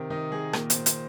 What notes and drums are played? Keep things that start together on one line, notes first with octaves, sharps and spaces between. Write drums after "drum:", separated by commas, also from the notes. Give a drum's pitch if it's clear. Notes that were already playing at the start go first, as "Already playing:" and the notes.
Already playing: C3 D#3
D#3 D#4
D#3 G#4
A#2 A#4, drum: rim click
C5, drum: hi-hat
A#2
C5, drum: hi-hat